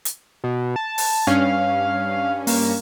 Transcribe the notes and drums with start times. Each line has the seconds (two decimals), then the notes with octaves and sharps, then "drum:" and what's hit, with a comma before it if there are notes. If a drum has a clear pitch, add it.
0.05 drum: hi-hat
0.44 B2
0.76 A5
0.98 drum: open hi-hat
1.27 G2 C#4 F5
2.47 A#3, drum: open hi-hat